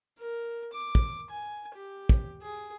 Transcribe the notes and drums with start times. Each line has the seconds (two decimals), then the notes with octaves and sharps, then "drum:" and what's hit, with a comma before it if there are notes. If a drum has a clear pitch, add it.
0.19 A#4
0.74 D6
0.95 drum: kick
1.30 G#5
1.75 G4
2.09 drum: kick
2.42 G#4